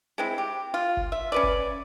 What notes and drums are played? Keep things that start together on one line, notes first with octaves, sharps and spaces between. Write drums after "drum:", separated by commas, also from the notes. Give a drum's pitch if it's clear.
G#3 C4 E4
G4
F4
drum: kick F#1
E5
C#4 B4 D5
drum: kick F#1